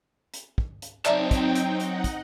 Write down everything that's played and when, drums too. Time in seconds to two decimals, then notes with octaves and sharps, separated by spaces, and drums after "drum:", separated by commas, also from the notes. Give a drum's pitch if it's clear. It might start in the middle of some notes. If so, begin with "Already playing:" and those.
0.34 drum: hi-hat
0.58 drum: kick
0.82 drum: hi-hat
1.05 F#3 C4 D#4 D5 E5 G5 A5 A#5, drum: clap
1.31 drum: kick, hi-hat
1.55 drum: hi-hat
1.80 D#4 D#5 F#5, drum: hi-hat
2.04 drum: kick, hi-hat